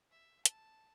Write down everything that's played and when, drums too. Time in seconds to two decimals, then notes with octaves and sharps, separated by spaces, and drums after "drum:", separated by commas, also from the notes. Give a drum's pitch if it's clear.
0.11 E5
0.45 A5, drum: hi-hat